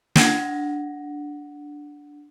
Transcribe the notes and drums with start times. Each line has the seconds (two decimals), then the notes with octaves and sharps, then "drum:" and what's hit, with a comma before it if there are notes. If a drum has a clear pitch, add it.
0.16 D4 F#5 A#6, drum: snare